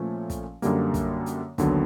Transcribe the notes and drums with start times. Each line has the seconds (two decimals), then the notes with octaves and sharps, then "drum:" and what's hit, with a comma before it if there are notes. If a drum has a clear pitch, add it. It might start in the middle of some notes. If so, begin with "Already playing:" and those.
Already playing: A#2 F3 A3 C#4
0.30 drum: kick, hi-hat
0.62 F#2 D3 G3 A#3, drum: hi-hat
0.94 drum: kick, hi-hat
1.26 drum: hi-hat
1.58 D#2 D3 F#3 B3, drum: kick, hi-hat